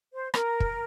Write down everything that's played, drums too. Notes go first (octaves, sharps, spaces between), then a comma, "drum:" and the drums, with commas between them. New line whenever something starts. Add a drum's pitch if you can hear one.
C5
A#4, drum: rim click
drum: kick